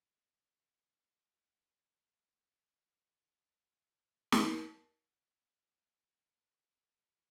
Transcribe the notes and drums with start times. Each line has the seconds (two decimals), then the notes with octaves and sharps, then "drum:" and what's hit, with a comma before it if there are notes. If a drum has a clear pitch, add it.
0.08 D2
1.21 E1
2.37 D#4 G6 G#6 C#7
4.32 drum: snare
4.67 F#5 A#5 B5 E6